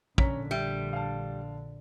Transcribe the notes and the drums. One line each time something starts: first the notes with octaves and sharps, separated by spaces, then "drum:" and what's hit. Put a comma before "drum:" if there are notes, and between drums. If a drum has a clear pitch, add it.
A#1 D3 C#4 A#5 B6, drum: kick
G3 E5
F5 A5